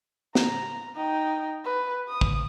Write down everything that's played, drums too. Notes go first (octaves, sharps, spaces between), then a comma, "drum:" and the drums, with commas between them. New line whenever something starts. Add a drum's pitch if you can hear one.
A#5, drum: snare
D#4 G5
B4
D#6
drum: kick